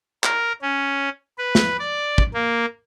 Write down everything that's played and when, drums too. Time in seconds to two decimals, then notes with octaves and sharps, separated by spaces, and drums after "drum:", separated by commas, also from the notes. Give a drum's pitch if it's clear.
0.24 A#4, drum: clap
0.62 C#4
1.38 B4
1.55 drum: snare
1.79 D5
2.18 drum: kick
2.34 A#3